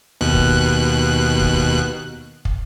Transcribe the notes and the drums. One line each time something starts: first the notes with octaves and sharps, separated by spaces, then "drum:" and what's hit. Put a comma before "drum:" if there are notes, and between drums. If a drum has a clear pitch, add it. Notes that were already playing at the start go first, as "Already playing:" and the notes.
D#2 B2 F#6
drum: kick
drum: kick
drum: kick